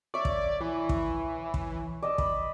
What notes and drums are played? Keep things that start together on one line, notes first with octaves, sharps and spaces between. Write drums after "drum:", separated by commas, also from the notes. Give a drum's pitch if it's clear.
C#5 D5 E5
drum: kick
E3 B5
drum: kick
drum: kick
D5 D#5 E6
B5, drum: kick